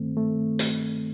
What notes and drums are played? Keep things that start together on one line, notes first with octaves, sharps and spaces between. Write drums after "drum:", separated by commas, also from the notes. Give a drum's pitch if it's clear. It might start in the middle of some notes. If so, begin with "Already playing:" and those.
Already playing: G2 D#3 A3 C4
A3
drum: hi-hat